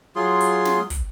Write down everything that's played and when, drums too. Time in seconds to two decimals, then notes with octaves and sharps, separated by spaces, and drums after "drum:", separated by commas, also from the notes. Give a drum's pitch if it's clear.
0.16 F#3 F4 G#4 C6
0.41 drum: hi-hat
0.65 drum: snare
0.90 drum: kick, hi-hat